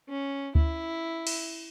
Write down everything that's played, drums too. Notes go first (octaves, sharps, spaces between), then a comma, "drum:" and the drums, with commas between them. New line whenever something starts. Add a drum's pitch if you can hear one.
C#4
E4, drum: kick D2
drum: cymbal